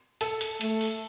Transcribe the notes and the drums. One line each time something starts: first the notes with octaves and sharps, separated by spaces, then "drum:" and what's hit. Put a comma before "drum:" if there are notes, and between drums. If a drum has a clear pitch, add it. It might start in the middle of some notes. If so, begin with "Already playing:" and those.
A4, drum: hi-hat
drum: hi-hat
A3, drum: hi-hat
drum: open hi-hat